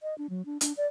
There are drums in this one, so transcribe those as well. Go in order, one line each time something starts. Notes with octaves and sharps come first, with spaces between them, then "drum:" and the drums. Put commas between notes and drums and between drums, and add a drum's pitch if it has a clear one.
D#5
D4
F#3
D4
D4, drum: hi-hat
D5